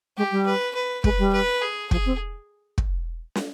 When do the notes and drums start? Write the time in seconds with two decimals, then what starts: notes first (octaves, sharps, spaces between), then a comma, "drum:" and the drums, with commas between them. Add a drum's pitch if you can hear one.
0.17 G#3 G4
0.31 G3
0.46 B4
0.75 B4
1.04 G#3 B4, drum: kick
1.19 G3
1.33 B4
1.62 G#4
1.91 F3 G#4, drum: kick
2.06 C4
2.78 drum: kick
3.35 drum: snare